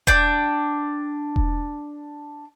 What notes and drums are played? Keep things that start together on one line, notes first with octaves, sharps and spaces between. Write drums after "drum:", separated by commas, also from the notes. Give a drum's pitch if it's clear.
D4 G5, drum: kick E1
drum: kick E1